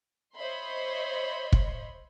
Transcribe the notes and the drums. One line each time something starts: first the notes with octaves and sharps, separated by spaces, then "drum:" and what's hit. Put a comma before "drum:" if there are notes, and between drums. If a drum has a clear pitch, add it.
C5 C#5 D#5 E5 B5 C6
drum: kick